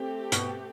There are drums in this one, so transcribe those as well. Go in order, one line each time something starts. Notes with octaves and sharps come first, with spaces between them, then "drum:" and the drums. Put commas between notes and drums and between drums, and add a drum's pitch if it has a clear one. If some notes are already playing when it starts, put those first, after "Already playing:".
Already playing: A3 C4 G4
B2, drum: hi-hat